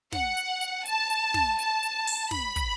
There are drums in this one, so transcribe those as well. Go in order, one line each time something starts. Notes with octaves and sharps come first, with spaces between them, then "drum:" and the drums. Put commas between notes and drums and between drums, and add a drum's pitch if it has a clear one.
F#5, drum: snare
drum: hi-hat
drum: hi-hat
A5, drum: hi-hat
drum: hi-hat
drum: snare
A5, drum: hi-hat
drum: hi-hat
drum: open hi-hat
B5, drum: snare
drum: kick, hi-hat